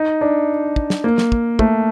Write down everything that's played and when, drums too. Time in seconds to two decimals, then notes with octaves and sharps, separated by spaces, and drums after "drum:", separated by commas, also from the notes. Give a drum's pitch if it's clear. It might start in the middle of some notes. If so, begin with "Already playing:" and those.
Already playing: D#4
0.21 D4
0.76 drum: kick
0.90 drum: snare
1.04 A#3
1.18 drum: snare
1.32 drum: kick
1.59 A3, drum: kick